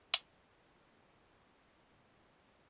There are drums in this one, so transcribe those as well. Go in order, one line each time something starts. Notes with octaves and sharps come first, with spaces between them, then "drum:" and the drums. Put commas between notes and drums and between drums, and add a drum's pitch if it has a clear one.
D3 A#3, drum: hi-hat
F3
F4
F3
D3 C4
F4
D3
D3
A#3 C4
A2
C4
C4